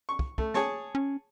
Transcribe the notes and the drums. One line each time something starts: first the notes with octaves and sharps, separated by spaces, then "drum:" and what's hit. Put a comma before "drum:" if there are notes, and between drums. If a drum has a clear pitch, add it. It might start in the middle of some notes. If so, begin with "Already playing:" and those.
C#6
drum: kick
A3, drum: kick
G#4 C#5 A5, drum: snare
C#4